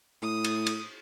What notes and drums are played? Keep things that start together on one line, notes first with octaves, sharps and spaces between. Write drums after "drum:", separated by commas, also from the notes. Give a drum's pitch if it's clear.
A2 D#6
drum: cymbal
drum: cymbal